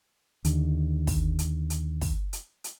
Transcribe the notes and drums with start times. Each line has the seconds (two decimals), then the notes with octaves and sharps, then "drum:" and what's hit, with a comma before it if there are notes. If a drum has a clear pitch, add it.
0.45 D#2 D3, drum: hi-hat
1.07 drum: kick, open hi-hat
1.39 drum: hi-hat
1.70 drum: hi-hat
2.01 drum: kick, open hi-hat
2.33 drum: hi-hat
2.64 drum: hi-hat